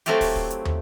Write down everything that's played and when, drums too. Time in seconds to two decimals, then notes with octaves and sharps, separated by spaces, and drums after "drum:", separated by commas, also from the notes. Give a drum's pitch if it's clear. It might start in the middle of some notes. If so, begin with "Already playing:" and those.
0.06 F#3 A3 C4 E4 F4 G4, drum: hi-hat
0.21 drum: kick, open hi-hat
0.36 drum: kick
0.51 drum: hi-hat
0.65 drum: tom